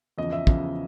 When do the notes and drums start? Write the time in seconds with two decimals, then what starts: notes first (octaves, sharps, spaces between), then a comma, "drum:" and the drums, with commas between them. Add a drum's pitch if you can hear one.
0.18 E2 C#3 F3 D#5
0.33 E5
0.47 E2 C#3 F3, drum: kick